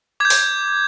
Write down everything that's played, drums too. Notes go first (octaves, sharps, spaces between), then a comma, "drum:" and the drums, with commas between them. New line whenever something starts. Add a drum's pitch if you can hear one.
D6 G6 G#6
drum: open hi-hat